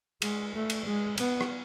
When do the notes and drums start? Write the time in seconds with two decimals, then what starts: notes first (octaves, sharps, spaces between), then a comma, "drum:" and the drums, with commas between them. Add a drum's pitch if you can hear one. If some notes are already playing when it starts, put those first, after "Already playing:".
0.22 G#3, drum: cymbal
0.55 A3
0.70 drum: cymbal
0.85 G#3
1.18 B3, drum: cymbal
1.41 drum: rim click